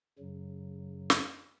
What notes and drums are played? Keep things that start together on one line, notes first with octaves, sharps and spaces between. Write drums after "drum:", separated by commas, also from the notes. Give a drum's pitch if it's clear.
F#2 C#3 F#3
drum: snare